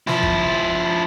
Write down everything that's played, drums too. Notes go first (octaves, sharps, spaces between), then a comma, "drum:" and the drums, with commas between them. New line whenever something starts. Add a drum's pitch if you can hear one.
F3 E4, drum: snare
drum: kick G#1